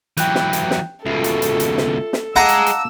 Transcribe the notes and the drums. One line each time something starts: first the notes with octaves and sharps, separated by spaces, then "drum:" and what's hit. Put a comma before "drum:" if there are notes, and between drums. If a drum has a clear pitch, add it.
E3 F#3 G5 F#6 G6, drum: hi-hat
drum: snare
drum: hi-hat
drum: snare
C#2 B2 F4 A4 E5 C7
drum: hi-hat
drum: hi-hat
drum: hi-hat
drum: snare
drum: snare
G#3 F5 F#5 A5 A#5 D6 E6
drum: hi-hat
drum: hi-hat